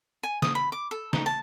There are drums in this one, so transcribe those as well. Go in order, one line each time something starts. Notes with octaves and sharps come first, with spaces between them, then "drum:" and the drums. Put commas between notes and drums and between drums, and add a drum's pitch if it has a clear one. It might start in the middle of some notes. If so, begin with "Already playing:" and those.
G#5
D#6, drum: snare
B5
D6
A4
D#4, drum: snare
A5